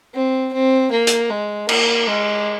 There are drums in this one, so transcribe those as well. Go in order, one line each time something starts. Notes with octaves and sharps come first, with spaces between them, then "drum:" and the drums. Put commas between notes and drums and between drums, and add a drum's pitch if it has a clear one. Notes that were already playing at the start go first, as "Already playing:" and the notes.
C4
C4
A#3
drum: hi-hat
G#3
A#3, drum: cymbal
G#3